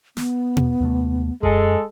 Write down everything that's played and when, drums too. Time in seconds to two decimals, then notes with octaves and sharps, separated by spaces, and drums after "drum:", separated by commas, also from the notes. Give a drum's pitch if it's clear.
0.17 B3, drum: snare
0.57 drum: tom B2
0.80 D#2 C3 A3
1.43 F#2 G#3 A4, drum: kick E1